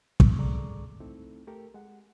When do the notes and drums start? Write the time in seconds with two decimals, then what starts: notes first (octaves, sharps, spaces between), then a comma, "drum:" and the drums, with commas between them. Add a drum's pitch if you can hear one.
0.20 drum: kick
0.38 G#4 A4 D5 A#5 C#6 D6
1.00 A3 C4 D#4 E4 A4
1.47 A3 G4 A4 A#4
1.74 G#3 F#5